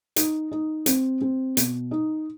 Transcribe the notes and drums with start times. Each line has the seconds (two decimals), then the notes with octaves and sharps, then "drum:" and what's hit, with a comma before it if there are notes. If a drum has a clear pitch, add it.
0.16 D#4, drum: hi-hat
0.52 D#4
0.86 C4, drum: hi-hat
1.21 C4
1.57 B2, drum: hi-hat
1.91 D#4